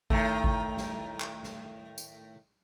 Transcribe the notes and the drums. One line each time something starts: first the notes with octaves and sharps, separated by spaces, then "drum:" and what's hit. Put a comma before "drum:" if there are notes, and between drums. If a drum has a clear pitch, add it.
A2 D#3 A3, drum: kick G#1
drum: kick G#1
drum: snare
drum: clap
drum: snare
drum: tambourine